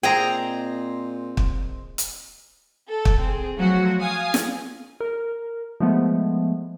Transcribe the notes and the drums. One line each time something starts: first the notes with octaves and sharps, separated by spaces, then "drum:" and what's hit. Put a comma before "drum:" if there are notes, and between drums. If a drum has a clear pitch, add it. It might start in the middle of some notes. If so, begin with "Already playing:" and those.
A#2 C4 G#4 C5 D#5 G5 A#5
drum: kick
drum: hi-hat
A4
drum: kick
C4 G#4
F3 F#3 A3 F#4
F5 G#5 D#6
drum: snare
A#4
F3 G#3 A3 B3